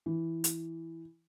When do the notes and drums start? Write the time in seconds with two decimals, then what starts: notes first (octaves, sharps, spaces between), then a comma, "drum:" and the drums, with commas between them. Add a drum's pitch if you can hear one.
0.06 E3
0.44 drum: hi-hat